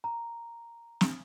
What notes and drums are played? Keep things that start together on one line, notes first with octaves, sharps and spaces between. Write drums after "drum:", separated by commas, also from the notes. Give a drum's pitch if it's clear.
A#5
drum: snare